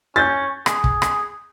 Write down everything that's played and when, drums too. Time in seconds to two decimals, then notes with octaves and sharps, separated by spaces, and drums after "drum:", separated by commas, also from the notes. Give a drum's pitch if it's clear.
0.16 C#4 G6 A6
0.66 G#4, drum: rim click
0.84 drum: kick
1.02 drum: rim click